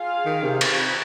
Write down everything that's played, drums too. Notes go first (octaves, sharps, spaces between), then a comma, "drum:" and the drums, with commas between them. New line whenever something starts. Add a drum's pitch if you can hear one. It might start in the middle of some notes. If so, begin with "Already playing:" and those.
Already playing: F4 G#4 F5
D#3
C3
drum: cymbal